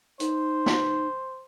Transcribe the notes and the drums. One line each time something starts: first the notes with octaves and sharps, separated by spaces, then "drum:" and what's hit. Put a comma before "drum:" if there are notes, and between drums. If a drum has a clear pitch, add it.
D#4 C5, drum: hi-hat
drum: snare